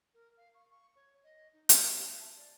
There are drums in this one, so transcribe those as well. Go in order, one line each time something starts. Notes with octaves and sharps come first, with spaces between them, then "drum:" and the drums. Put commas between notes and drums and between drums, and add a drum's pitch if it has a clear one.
A#4
F5
C#6
C#6
C#5
D#5
D#4
D#5, drum: hi-hat
E5
A5
D5